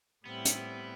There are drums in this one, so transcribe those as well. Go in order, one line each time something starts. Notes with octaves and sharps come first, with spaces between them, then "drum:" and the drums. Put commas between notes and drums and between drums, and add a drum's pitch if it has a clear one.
A2 G3 B3 C4 E4
drum: hi-hat